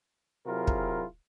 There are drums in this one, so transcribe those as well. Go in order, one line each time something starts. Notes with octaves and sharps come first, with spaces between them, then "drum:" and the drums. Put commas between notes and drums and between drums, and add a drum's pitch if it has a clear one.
C3 F#3 E4 F4 G#4 A#4
drum: kick